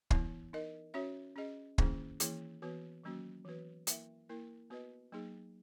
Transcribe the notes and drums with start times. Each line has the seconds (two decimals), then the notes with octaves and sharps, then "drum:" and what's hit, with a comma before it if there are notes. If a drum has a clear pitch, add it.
0.11 E3 B3 E4, drum: kick
0.53 D#4 A#4 D#5
0.94 C#4 F#4 C#5 E5
1.36 C#4 G#4 D#5
1.78 D#3 A#3 C#4 E4 G#4, drum: kick
2.20 E3 A#3 E4 G#4, drum: hi-hat
2.62 E3 B3 F#4 B4
3.03 D#3 F#3 A#3 C#4 F#4
3.45 E3 B3 F#4 B4
3.87 A#3 E4 A#4 E5, drum: hi-hat
4.29 A#3 E4 A#4
4.70 B3 F#4 B4 D#5
5.12 F#3 A#3 D#4 G#4